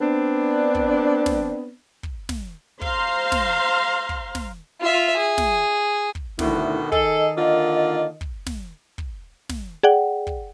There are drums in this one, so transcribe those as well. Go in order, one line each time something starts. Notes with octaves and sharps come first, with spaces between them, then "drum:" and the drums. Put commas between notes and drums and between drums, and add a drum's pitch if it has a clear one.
B3 C4 D4
drum: kick
drum: snare
drum: kick
drum: snare
C5 F5 A#5 C6, drum: kick
drum: snare
drum: kick
drum: snare
F4 E5
G#4
drum: snare
drum: kick
D2 B2 D3 D#3 E4, drum: snare
D#3 G#4 A4 D#5, drum: kick
D3 A#3 F4
drum: kick
drum: snare
drum: kick
drum: snare
G#4 D5 F#5 G5
drum: kick